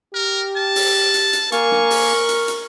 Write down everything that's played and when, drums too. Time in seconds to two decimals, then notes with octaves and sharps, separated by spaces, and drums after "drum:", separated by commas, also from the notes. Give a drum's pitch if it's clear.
0.14 G4 A#4
0.56 A5
0.76 drum: open hi-hat
1.14 drum: hi-hat
1.33 drum: hi-hat
1.52 A#3 A#4 F5 G#5 C#6, drum: hi-hat
1.71 drum: snare
1.90 drum: open hi-hat
2.13 F6
2.29 drum: hi-hat
2.48 drum: hi-hat